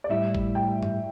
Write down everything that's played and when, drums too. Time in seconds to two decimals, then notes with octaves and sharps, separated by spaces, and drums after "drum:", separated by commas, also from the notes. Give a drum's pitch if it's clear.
0.04 D5
0.09 A2 G3 E4 E5
0.35 drum: kick
0.55 G5
0.83 drum: tom G2